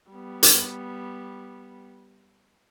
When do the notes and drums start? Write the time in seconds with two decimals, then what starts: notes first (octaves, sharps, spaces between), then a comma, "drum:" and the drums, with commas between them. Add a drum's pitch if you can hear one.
0.11 G3 B3
0.43 drum: hi-hat